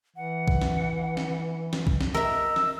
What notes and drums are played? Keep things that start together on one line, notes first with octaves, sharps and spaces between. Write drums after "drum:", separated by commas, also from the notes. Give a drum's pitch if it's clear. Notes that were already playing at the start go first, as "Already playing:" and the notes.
E3 F#5
drum: kick
drum: snare
drum: snare
drum: snare
drum: kick
drum: snare
A#4 D#5 E5 E6
drum: snare